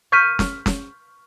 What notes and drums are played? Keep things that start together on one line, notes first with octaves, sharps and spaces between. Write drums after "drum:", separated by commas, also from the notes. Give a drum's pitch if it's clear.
C#6 F6 G6 B6 D#7
drum: snare
drum: snare